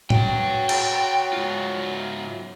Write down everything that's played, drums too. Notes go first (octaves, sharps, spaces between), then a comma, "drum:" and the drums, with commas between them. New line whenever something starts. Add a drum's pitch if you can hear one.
F#3 B4 G5, drum: tom A2
G5, drum: cymbal
G#2 F4